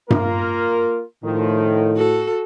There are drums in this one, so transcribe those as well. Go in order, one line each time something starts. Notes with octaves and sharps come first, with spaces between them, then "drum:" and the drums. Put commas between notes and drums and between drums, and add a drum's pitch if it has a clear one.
A#3 F4 A#4, drum: tom G2
A2 D#3 F3
F#4 A4